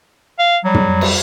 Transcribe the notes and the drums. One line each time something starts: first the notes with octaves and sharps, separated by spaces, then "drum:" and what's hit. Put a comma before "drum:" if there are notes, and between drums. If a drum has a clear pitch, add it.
F5
F#3 G3
drum: tom
drum: cymbal